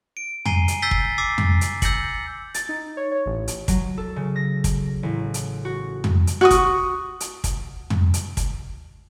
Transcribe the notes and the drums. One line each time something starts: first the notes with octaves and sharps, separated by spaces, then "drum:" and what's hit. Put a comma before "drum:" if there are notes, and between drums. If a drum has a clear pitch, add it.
D7
G#5 A#5 C7 D#7 G7, drum: tom
drum: hi-hat
E6 G6 A6 B6 C7 G7
drum: kick
D6 E6 A6 C7
drum: tom
drum: hi-hat
E6 G6 A6 A#6 C#7 F#7, drum: kick, hi-hat
A6, drum: hi-hat
D#4
C#5
C#5
A1
drum: hi-hat
F#3, drum: kick, hi-hat
A4
C#3
A#6
drum: kick, hi-hat
A1
drum: hi-hat
F#4
drum: tom
drum: hi-hat
F#4 C#6 D#6
drum: kick, hi-hat
drum: hi-hat
drum: kick, hi-hat
drum: tom
drum: hi-hat
drum: kick, hi-hat